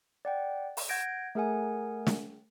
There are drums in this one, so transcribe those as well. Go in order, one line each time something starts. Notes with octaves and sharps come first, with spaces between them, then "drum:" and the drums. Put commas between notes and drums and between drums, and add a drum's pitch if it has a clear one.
D5 F#5 G5
drum: open hi-hat
F#5 G6 G#6 A#6 D7
A3 G#4 A#4 F#5 G#5
drum: snare